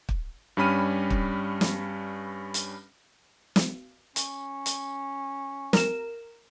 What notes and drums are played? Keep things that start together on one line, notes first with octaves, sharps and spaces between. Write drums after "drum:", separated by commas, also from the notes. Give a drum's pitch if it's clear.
drum: kick
G2 G3 C#4 B5 F6 D#7
drum: kick
drum: snare
drum: hi-hat
drum: snare
C#4, drum: hi-hat
drum: hi-hat
A#4 E7, drum: snare